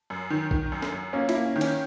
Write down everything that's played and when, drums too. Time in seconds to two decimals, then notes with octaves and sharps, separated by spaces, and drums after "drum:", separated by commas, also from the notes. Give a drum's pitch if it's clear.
0.10 F#2
0.30 D#3
0.51 D#3, drum: kick B1
0.72 F#2
0.82 drum: snare
0.92 F#2
1.13 A#3 C#4
1.29 E4, drum: cymbal
1.35 A#3
1.45 C#4
1.56 D#3
1.61 C#4, drum: cymbal